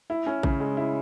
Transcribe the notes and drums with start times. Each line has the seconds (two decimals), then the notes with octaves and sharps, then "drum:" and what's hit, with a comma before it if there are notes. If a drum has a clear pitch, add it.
0.10 E4
0.26 C#4
0.43 C#3, drum: kick
0.60 G#3
0.77 E4